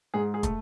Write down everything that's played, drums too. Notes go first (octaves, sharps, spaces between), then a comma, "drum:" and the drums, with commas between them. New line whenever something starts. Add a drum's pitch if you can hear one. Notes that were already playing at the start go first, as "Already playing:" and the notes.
G#2 G#4
G#4
A3, drum: kick, hi-hat